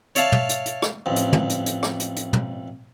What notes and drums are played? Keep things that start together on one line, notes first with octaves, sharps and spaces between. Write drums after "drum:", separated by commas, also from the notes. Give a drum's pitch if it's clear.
C#5 D5 E5 F5 A5, drum: hi-hat
drum: tom
drum: hi-hat
drum: hi-hat
drum: rim click
A1 F2
drum: hi-hat
drum: tom
drum: hi-hat
drum: hi-hat
drum: rim click
drum: hi-hat
drum: hi-hat
drum: tom